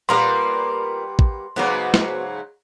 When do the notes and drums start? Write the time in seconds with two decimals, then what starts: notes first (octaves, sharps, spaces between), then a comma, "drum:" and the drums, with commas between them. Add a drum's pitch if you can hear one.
0.09 A#2 G3 A#3 B3 A#4 B4 C6
1.19 drum: kick
1.56 G#2 C#3 F#3 B3 F#4 B4
1.94 drum: snare